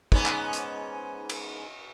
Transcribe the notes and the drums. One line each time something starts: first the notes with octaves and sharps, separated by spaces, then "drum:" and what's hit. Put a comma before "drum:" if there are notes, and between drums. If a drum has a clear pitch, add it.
G#2 B3 C#4, drum: kick
drum: clap
drum: hi-hat
drum: cymbal